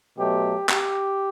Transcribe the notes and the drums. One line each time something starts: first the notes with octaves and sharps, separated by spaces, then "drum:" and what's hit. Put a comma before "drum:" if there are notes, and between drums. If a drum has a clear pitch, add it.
B2 F#3 A3 G4
G4, drum: clap